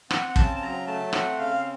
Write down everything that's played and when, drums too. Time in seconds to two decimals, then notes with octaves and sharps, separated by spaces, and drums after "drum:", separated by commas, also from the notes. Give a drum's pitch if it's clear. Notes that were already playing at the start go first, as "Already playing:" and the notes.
0.11 C4 F#5, drum: rim click
0.29 F#5
0.36 C#3 A5, drum: kick
0.56 A5
0.61 F#3 A#5
0.87 A3 A5
1.13 C4 F#5, drum: rim click
1.38 C#3 F5